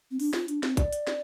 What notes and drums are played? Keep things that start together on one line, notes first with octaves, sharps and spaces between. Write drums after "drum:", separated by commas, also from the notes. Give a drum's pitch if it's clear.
C4
D4, drum: open hi-hat
F4, drum: snare
D4, drum: hi-hat
C4, drum: snare
D5, drum: kick A#1, hi-hat
drum: hi-hat
drum: snare